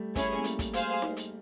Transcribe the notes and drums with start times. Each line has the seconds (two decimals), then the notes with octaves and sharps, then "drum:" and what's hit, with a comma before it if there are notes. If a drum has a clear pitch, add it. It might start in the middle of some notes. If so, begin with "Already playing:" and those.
Already playing: G3 A3
0.15 C#4 E4 G#4 C#5, drum: kick, hi-hat
0.37 A#3
0.44 G3 A3, drum: hi-hat
0.59 drum: kick, hi-hat
0.73 G#4 C5 F5, drum: hi-hat
1.02 drum: snare D#4
1.17 drum: hi-hat